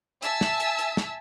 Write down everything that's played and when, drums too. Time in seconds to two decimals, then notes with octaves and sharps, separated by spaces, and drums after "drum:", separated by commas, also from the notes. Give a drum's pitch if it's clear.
0.22 E5 G#5 A5 E6, drum: hi-hat
0.41 drum: snare
0.60 drum: hi-hat
0.79 drum: hi-hat
0.97 drum: snare